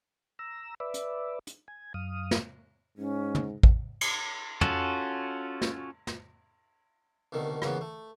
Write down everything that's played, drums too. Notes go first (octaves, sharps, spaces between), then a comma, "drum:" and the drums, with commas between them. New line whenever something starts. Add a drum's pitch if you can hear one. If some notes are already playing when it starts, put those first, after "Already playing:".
A#5 E6
B4 D5 E5
drum: hi-hat
drum: hi-hat
G#5
F#2 F5 D#6
drum: snare
G#2 C#4
drum: tom
drum: kick
drum: cymbal
C#4 F4 F#4 A4, drum: tom
drum: snare
drum: snare
C2 B2 D3 D#3 A3
A#2 C#3 E3 F#3 B3, drum: rim click
A3